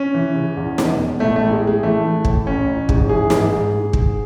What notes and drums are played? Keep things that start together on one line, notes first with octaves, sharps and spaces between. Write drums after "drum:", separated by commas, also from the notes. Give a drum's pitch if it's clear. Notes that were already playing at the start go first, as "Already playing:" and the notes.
Already playing: C#4
E3
C#3
E2
E1, drum: snare
E1
A1 A3
A1 A3
G#3
A1 G#3
E3 A3
E3
A2, drum: kick
A1 C#4
A1
G#2, drum: kick
E3 G#4
G#2, drum: snare
G#2
G#2
G#2, drum: kick